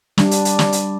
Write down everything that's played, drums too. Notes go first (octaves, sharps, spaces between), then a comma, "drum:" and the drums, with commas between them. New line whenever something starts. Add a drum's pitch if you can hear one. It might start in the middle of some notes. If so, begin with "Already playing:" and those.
G3 D4, drum: snare
drum: hi-hat
drum: hi-hat
drum: snare
drum: hi-hat